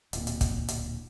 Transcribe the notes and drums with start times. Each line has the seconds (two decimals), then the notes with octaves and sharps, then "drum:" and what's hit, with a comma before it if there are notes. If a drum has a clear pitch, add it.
0.13 D1 A#2, drum: hi-hat
0.27 drum: hi-hat
0.41 drum: kick, hi-hat
0.68 drum: hi-hat